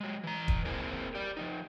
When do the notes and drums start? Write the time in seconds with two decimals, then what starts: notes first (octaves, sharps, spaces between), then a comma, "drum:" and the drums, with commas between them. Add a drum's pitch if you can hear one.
0.01 F#3 G#3
0.24 E3 A#5
0.48 drum: kick
0.65 A#3 C4 E4 G#4 A#4 G#5
1.15 G4 D5
1.37 F3 G3 D#4